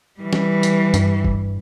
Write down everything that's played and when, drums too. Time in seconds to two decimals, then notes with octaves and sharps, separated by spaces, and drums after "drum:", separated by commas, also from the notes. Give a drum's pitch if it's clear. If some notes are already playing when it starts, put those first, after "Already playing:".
0.19 E3 G3
0.33 drum: snare
0.63 drum: hi-hat
0.94 G2, drum: hi-hat
1.24 drum: kick